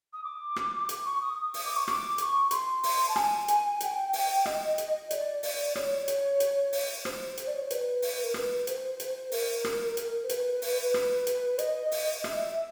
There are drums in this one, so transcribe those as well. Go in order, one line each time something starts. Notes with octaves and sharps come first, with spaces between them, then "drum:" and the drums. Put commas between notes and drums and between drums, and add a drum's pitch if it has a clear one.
D#6
D6
drum: rim click
drum: hi-hat
C#6
D#6
D#6
D#6, drum: open hi-hat
D6
C#6
D6, drum: rim click
D6, drum: hi-hat
C#6
C6, drum: hi-hat
drum: open hi-hat
A5
G#5, drum: rim click
drum: hi-hat
G#5, drum: hi-hat
G5
drum: open hi-hat
D#5, drum: rim click
drum: hi-hat
D5, drum: hi-hat
drum: open hi-hat
D5
C#5, drum: rim click
drum: hi-hat
drum: hi-hat
drum: open hi-hat
C5, drum: rim click
drum: hi-hat
D5
C#5
C5
B4, drum: hi-hat
drum: open hi-hat
A#4
B4, drum: rim click
C5, drum: hi-hat
drum: hi-hat
A#4, drum: open hi-hat
drum: rim click
drum: hi-hat
C5
B4, drum: hi-hat
drum: open hi-hat
drum: rim click
drum: hi-hat
D#5, drum: hi-hat
drum: open hi-hat
E5, drum: rim click